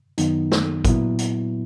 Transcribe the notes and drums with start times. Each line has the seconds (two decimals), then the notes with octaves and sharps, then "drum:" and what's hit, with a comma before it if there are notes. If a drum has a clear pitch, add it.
0.18 F#2 D#3 F#3 B3 D#4, drum: hi-hat
0.52 drum: snare
0.85 A#2 F#3 B3 E4, drum: kick G#1, hi-hat
1.19 drum: hi-hat